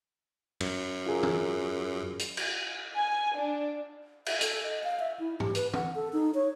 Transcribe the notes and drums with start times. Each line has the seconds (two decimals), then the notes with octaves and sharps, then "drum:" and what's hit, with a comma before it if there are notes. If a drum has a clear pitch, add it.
0.60 F#2, drum: cymbal
1.06 F4 G#4 A#4
1.23 drum: tom
2.19 drum: hi-hat
2.37 drum: cymbal
2.94 G#5
3.35 D4
4.26 E5, drum: cymbal
4.41 A4, drum: hi-hat
4.63 D#5
4.84 F5
5.00 E5
5.19 E4
5.40 G4, drum: tom G#2
5.55 B4, drum: hi-hat
5.74 F#5, drum: tom
5.95 A4
6.13 D#4
6.35 C#5